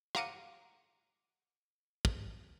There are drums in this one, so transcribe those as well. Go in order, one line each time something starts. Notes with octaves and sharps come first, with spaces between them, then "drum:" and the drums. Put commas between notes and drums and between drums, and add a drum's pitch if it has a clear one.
F5 F#5 A#5 D6 C#7 D#7, drum: rim click
drum: kick